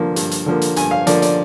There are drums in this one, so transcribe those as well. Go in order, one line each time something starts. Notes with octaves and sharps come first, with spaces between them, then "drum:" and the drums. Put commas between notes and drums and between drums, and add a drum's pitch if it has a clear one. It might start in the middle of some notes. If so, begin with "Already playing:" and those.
Already playing: G2 D3 F3 A#3
G2, drum: hi-hat
drum: hi-hat
D3 F3 A#3
drum: hi-hat
G2 G#5, drum: hi-hat
F5
D3 F3 A#3 D5, drum: hi-hat
D5, drum: hi-hat